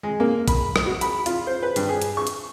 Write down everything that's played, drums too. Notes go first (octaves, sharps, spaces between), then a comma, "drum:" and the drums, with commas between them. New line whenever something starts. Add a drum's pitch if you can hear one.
G#3
A#3
B5, drum: kick, hi-hat
drum: rim click
F#4
B5, drum: hi-hat
F4, drum: hi-hat
C5
B4
G2, drum: hi-hat
G#4
drum: hi-hat
C#6
drum: hi-hat